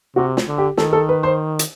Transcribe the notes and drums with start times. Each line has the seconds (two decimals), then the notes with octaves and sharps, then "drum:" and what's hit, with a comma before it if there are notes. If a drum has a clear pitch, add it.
0.16 C3 F#4
0.37 drum: snare
0.48 D3
0.58 G4
0.77 D#3 A4, drum: snare
0.93 A4
1.09 B4
1.23 C5
1.59 drum: hi-hat